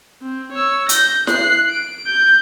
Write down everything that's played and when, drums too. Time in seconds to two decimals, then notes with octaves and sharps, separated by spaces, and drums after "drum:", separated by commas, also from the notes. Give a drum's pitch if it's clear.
0.22 C4
0.52 C#5 E6
0.89 G6 A#6, drum: hi-hat
1.27 F#6 C7, drum: snare E4
1.71 D7
2.07 G6